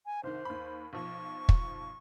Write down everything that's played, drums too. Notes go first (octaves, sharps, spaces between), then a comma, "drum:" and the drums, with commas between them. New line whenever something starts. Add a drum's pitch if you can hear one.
G#5
C2 D#3 C5
D#2 B5
B1 F3 C#6
drum: kick